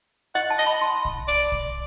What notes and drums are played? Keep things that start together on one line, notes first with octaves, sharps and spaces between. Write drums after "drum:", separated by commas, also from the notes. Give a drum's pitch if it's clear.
D#5 F#5
A5
D#5
B5
C6
drum: kick
D5
drum: kick